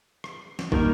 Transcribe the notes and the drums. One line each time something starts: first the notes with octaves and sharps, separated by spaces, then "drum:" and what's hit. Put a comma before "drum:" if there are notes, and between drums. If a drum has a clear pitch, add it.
drum: rim click
drum: snare
D#3 G3 A#3 D#4 A#4, drum: kick